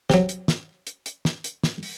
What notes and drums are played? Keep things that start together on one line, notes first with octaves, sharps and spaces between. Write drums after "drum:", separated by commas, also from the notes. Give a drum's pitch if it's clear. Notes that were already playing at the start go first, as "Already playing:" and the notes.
C3 F#3, drum: snare
drum: hi-hat
drum: snare
drum: hi-hat
drum: hi-hat
drum: snare
drum: hi-hat
drum: snare
drum: open hi-hat